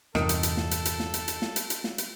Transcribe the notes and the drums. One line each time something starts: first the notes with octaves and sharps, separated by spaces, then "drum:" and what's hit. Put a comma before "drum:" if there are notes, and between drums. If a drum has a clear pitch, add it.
E2 G2 C3 D#3 A4, drum: snare
drum: hi-hat
drum: hi-hat
drum: snare
drum: hi-hat
drum: hi-hat
drum: snare
drum: hi-hat
drum: hi-hat
drum: snare
drum: hi-hat
drum: hi-hat
drum: snare
drum: hi-hat